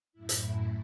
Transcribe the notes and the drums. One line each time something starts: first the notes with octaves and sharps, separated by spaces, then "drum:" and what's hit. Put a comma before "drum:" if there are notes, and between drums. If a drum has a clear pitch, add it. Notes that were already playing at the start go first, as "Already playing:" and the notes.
F#2 A2 E4
drum: hi-hat